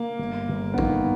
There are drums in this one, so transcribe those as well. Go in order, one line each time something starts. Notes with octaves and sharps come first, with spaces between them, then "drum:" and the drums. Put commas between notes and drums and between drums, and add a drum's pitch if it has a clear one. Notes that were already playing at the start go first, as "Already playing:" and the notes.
Already playing: A#3
G1
G1
B3
D#3 A#3, drum: kick A1